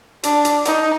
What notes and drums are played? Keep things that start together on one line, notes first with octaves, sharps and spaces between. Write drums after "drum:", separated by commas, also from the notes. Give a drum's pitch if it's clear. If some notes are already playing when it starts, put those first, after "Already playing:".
D4, drum: hi-hat
drum: hi-hat
D#4, drum: hi-hat